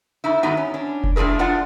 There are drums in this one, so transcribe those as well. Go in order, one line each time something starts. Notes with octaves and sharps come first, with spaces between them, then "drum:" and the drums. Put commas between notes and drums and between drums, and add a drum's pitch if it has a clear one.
F2 D3 D#4 E4
G2 D#3 A3 B3 D#4 F#4
C#4
C#4 D4
drum: kick F1
A2 F3 D4 G#4 A#4
D4 F4 D5 F#5 A5